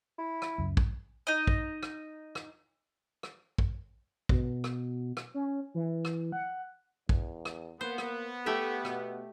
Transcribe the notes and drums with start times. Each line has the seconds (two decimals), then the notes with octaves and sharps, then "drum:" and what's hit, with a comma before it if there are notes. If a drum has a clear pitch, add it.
0.19 E4
0.42 drum: rim click
0.58 C#2 F#2
0.77 drum: kick
1.27 D#4 D#5
1.47 drum: kick
1.83 drum: rim click
2.35 drum: rim click
3.23 drum: rim click
3.58 drum: kick
4.29 B2, drum: kick
4.64 drum: rim click
5.17 drum: rim click
5.34 C#4
5.74 E3
6.05 drum: rim click
6.32 F#5
7.09 E2, drum: kick
7.45 drum: rim click
7.81 A#3 B3 C5
7.98 drum: rim click
8.46 A3 G4 A4 E5
8.85 B2, drum: rim click